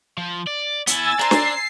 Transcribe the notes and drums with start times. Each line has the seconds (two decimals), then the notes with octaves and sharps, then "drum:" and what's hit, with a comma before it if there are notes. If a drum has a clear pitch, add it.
0.18 F3
0.47 D5
0.87 B3 E4 G#5 E6 A6, drum: hi-hat
1.19 D4 C5 A#5 C7
1.31 drum: snare